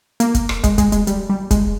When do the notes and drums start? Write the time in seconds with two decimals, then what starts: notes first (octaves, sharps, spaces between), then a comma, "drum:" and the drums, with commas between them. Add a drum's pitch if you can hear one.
0.20 A#3, drum: hi-hat
0.35 drum: kick, hi-hat
0.49 drum: rim click
0.64 G#3, drum: kick, hi-hat
0.78 G#3, drum: kick, hi-hat
0.92 G#3, drum: hi-hat
1.07 G3, drum: hi-hat
1.30 G3
1.51 G#3, drum: kick, hi-hat